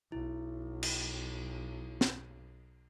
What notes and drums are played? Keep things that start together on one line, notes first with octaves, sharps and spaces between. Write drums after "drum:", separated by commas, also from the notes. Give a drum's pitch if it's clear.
B1 E4
drum: cymbal
drum: snare